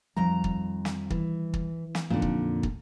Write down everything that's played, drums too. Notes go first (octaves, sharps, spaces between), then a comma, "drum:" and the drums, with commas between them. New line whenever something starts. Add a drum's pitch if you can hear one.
F2 D#3 G3 A#5
drum: kick
drum: snare
E3, drum: kick
drum: kick
drum: snare
F2 A#2 D3 D#4
drum: kick
drum: kick